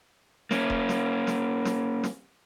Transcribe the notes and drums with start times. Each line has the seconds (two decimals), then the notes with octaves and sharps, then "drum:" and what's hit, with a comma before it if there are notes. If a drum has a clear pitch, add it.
0.51 A#3 C#4, drum: snare
0.70 drum: kick E1
0.89 drum: snare
1.27 drum: snare
1.65 drum: snare
2.04 drum: snare